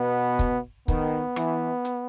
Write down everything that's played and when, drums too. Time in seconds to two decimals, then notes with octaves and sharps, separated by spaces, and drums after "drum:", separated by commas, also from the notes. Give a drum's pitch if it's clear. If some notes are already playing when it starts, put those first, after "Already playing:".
Already playing: B2 B3
0.39 drum: kick, hi-hat
0.88 D#3 B3, drum: kick, hi-hat
1.36 E3, drum: rim click
1.85 drum: hi-hat